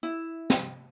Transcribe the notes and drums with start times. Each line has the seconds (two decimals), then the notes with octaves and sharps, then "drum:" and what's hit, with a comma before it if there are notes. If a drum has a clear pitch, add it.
0.03 E4
0.50 drum: snare